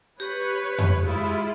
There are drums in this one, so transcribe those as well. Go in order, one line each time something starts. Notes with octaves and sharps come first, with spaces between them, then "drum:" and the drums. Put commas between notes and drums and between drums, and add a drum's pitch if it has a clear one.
G4 B4 C#5
drum: tom F2
G#3 E4 F4